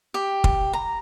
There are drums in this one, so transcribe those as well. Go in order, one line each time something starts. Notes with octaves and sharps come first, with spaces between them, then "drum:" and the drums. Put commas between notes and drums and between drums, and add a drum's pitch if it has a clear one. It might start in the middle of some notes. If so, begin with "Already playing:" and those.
G4
drum: kick
A#5